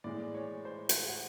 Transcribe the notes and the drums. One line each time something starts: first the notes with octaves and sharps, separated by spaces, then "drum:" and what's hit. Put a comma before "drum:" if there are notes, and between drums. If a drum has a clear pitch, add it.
A2 E3 G#3 D5
C#5
C5
drum: hi-hat
F#5